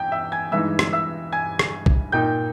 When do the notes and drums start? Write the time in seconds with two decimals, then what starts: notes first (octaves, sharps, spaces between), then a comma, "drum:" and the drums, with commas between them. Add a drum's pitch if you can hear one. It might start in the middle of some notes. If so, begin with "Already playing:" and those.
Already playing: E2 G5 G6
0.12 E5 E6
0.32 G#5 G#6
0.52 G2 E3 G#3 D#4 E5 E6
0.79 drum: rim click
0.93 E5 E6
1.32 G#5 G#6
1.59 drum: rim click
1.86 drum: kick B1
2.12 A#2 A#3 D#4 G5 G6